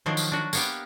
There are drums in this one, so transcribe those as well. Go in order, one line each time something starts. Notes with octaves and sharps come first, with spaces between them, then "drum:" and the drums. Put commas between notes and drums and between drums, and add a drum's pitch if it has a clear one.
D#3 F3 F#3 A#3 D4 D#4
drum: tambourine
D4 F#4
A#3 B3 G4, drum: tambourine